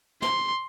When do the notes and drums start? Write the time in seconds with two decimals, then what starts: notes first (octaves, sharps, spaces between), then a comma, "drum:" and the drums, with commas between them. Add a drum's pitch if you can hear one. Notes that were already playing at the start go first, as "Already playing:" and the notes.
0.22 C6, drum: snare